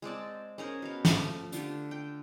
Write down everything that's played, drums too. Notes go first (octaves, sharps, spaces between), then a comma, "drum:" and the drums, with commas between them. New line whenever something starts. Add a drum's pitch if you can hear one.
G#3 C4 D5 A5
C#4 G#4 A#4 C5
B2 F5
F3 A3, drum: snare
D3 F4 G4, drum: hi-hat
G5